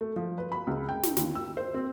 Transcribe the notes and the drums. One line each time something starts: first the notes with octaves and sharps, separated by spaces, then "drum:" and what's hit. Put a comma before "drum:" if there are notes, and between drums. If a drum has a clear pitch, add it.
A3
F3
B4
B5
C#2
G5
drum: snare
D#2, drum: snare
E6
C5
C4